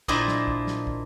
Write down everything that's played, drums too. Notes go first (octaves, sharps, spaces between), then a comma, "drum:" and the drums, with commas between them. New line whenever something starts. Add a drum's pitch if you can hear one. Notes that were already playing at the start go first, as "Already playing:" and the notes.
A#2 D4 E4 C5 D#5, drum: kick
drum: snare
drum: kick
drum: snare
drum: kick